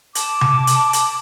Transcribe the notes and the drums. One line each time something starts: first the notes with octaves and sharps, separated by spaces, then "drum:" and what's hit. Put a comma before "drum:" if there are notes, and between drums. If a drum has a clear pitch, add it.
A5 D6, drum: hi-hat
drum: tom C3
drum: hi-hat
drum: hi-hat